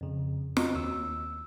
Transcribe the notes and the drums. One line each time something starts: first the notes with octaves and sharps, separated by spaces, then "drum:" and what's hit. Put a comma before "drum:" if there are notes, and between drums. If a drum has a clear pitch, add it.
F2 C#3
C4 F#4 D#5 A#5, drum: snare
D#2 E6